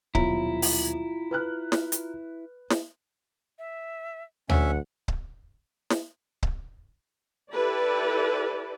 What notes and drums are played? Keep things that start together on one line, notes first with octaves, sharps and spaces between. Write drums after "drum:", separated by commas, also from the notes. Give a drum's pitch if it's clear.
D#1 B2 F#3 E4 F4 A#5, drum: kick C#1
drum: open hi-hat
B4 F6 F#6
drum: snare
drum: hi-hat
drum: snare
E5
D2 C#4 E5 F#5, drum: tom
drum: kick C#1
drum: snare
drum: kick C#1
E4 G4 A4 B4 D5